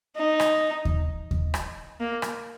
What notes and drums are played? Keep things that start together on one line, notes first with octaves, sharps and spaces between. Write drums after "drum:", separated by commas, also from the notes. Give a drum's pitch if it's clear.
D#4
drum: rim click
drum: kick D#2
drum: kick D#2
drum: rim click
A#3
drum: rim click